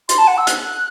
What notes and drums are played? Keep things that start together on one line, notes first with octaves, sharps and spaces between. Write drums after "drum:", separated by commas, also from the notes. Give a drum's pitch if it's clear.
C6, drum: hi-hat
A5
F#5
E6
F#6, drum: hi-hat